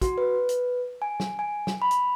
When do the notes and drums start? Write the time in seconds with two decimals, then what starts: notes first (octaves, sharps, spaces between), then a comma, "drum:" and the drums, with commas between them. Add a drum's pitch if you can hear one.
0.01 F#4, drum: kick, hi-hat
0.18 B4
0.49 drum: hi-hat
1.02 G#5
1.20 drum: snare
1.39 G#5
1.67 drum: snare
1.82 B5
1.91 drum: hi-hat